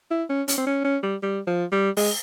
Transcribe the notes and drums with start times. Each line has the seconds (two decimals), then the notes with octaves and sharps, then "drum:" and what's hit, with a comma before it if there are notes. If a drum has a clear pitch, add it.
0.11 E4
0.29 C#4
0.48 C#4, drum: hi-hat
0.58 C4
0.67 C#4
0.84 C#4
1.03 G3
1.23 G3
1.47 F3
1.72 G3
1.97 G#3, drum: open hi-hat